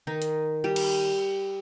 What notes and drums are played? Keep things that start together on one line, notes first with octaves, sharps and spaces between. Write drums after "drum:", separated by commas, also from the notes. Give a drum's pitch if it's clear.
D#3 D#4
drum: hi-hat
G3 G4
drum: cymbal